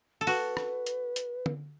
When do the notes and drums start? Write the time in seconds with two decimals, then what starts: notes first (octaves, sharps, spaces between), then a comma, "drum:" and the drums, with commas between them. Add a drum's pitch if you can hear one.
0.21 A4
0.27 F#4 B4, drum: open hi-hat
0.57 drum: rim click
0.86 drum: hi-hat
1.16 drum: hi-hat
1.46 drum: tom